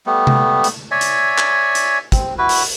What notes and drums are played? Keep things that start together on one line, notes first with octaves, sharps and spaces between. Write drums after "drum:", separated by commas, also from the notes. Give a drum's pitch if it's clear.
G3 A3 B3
drum: tom C3
drum: hi-hat
C#5 D5 E5 G#5
drum: hi-hat
drum: clap
drum: hi-hat
C4, drum: kick, hi-hat
E4 F#4 B4
drum: open hi-hat